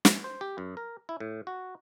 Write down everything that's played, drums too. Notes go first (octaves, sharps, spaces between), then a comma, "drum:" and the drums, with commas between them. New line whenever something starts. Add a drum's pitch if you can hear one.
drum: snare
C5
G4
F#2
A#4
E4
A2
F#4